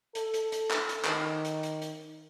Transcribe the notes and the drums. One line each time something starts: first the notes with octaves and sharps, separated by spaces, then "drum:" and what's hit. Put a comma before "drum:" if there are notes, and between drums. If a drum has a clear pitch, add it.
A4, drum: hi-hat
drum: hi-hat
drum: hi-hat
drum: clap
drum: hi-hat
D#3, drum: clap
drum: hi-hat
drum: hi-hat
drum: hi-hat